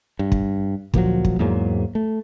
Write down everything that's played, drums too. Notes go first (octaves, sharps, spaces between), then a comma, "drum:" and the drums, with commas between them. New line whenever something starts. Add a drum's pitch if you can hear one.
G2
drum: kick
D2 A#2 F3 F#3, drum: kick
drum: kick
E2 G#2 F#3 A#3
A3